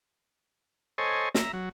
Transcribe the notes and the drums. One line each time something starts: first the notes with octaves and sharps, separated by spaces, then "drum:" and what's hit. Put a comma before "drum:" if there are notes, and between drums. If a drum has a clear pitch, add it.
A4 C5 C#5 D#5 G#5
E5 A#5, drum: snare
F#3